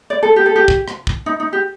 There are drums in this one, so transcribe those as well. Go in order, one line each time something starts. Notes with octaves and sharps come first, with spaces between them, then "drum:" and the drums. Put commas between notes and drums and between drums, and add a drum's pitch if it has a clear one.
D5
A4
G4
A4
G4
drum: kick
drum: rim click
drum: kick
D#4
D#4
G4